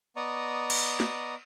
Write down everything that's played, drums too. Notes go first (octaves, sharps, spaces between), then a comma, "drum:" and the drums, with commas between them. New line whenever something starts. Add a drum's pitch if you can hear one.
B3 D5 D#5 A#5 C#6 D#6
drum: cymbal
drum: snare